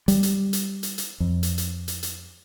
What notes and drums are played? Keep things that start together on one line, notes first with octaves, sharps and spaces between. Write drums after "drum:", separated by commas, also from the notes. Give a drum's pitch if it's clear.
G3, drum: hi-hat
drum: hi-hat
drum: hi-hat
drum: hi-hat
drum: hi-hat
F2
drum: hi-hat
drum: hi-hat
drum: hi-hat
drum: hi-hat